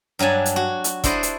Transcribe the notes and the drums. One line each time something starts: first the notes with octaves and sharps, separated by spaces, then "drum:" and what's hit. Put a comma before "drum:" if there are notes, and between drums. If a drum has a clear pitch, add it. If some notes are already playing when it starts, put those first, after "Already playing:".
G2 F#3 D4 G#5 A5
drum: hi-hat
F#4
drum: hi-hat
D4 E4 C5 D5 D#5, drum: kick, hi-hat
drum: hi-hat